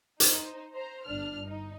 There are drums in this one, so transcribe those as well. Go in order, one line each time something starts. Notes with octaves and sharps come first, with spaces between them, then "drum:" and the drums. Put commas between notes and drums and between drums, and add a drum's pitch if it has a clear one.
D#4 C5, drum: hi-hat
C5 A#5
G1 D4 F6
D#4